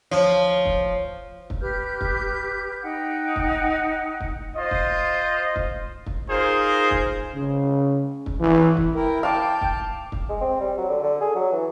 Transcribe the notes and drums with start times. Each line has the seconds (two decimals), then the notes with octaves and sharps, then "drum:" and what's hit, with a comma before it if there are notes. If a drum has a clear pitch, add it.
0.11 D2 F3 C#5
0.65 drum: kick
1.50 drum: kick
1.61 G4 B4 F6 G6
2.01 drum: kick
2.82 D#4 F#5 G5
3.36 drum: kick
4.20 drum: kick
4.56 F4 C5 D#5
4.71 drum: kick
5.56 drum: kick
6.06 drum: kick
6.29 D#4 F4 G#4 A#4 C5
6.91 drum: kick
7.34 C#3
8.26 drum: kick
8.40 E3
8.77 drum: kick
8.95 E4 A#4 G5
9.23 F5 G5 A5 D6
9.61 drum: kick
10.12 drum: kick
10.29 G#3
10.41 C4
10.60 G3
10.78 F#3
10.90 D3
11.03 D3
11.21 G#4
11.35 F#3
11.52 E3